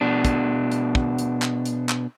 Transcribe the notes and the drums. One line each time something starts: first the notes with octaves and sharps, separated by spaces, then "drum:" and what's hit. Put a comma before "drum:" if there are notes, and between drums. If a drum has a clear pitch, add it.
B2 D4
drum: kick, hi-hat
drum: hi-hat
drum: kick
drum: hi-hat
drum: clap
drum: hi-hat
drum: clap